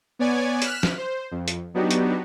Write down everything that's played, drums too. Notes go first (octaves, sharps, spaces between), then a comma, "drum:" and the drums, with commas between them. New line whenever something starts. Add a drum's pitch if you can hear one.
B3 C#5 D5 G#5
F6 F#6 B6 E7, drum: hi-hat
drum: snare
C5
F2
drum: hi-hat
F#3 B3 D4 D#4 F#4 G4
drum: hi-hat